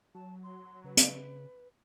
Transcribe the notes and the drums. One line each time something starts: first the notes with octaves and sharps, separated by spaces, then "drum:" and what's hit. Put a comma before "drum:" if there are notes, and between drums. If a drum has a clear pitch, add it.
F#3 A5
C6
C#3 B4
drum: hi-hat